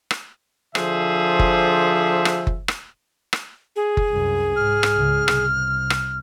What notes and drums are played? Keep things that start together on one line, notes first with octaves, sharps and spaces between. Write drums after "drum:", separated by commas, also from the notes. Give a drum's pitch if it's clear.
drum: rim click
D3 F3 G#4 C5 E5, drum: rim click
drum: kick F#1
drum: rim click
drum: kick F#1
drum: rim click
drum: rim click
G#4
drum: kick F#1
C2 F#2
G#2 F6
drum: rim click
C#2 C#3
C2, drum: rim click
drum: rim click